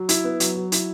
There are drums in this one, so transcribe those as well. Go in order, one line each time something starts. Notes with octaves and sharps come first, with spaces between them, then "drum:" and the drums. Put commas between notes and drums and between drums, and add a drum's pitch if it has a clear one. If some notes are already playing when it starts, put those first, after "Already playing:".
Already playing: F#3
E4, drum: hi-hat
B3
F#3, drum: hi-hat
F#3
E4, drum: hi-hat